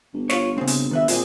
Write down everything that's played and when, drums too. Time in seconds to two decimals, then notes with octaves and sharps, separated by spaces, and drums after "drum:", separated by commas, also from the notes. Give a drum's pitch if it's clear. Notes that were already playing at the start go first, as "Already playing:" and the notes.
0.13 G1
0.30 F4 C#5, drum: snare
0.58 C#3 C4
0.67 drum: hi-hat
0.91 D#3 B4 E5
1.08 A#2 C4 G#4 D#5, drum: hi-hat